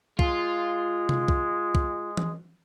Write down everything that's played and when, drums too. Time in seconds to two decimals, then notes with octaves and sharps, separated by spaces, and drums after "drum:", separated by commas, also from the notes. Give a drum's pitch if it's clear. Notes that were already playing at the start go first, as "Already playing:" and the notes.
0.19 G#3 F4, drum: kick
1.09 drum: tom C3
1.28 drum: kick
1.75 drum: kick
2.17 drum: tom E3